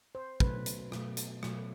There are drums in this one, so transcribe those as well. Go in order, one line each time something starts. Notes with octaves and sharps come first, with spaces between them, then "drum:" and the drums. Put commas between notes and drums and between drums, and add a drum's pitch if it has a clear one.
C5
B2 F#3 A3 B4, drum: kick
drum: hi-hat
B2 F#3 A3, drum: rim click
drum: hi-hat
B2 F#3 A3, drum: rim click